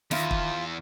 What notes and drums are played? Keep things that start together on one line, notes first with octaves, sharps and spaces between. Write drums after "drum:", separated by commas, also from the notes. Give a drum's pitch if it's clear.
E2 D#3 F4 E5 B5, drum: snare
drum: kick